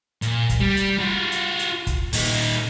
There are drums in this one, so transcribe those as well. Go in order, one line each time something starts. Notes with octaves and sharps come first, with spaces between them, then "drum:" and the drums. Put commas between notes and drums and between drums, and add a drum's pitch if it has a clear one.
A#2, drum: hi-hat
drum: kick, hi-hat
G3
drum: hi-hat
F4 F#4
drum: hi-hat
drum: hi-hat
drum: kick, hi-hat
A#2 D#4, drum: open hi-hat
drum: hi-hat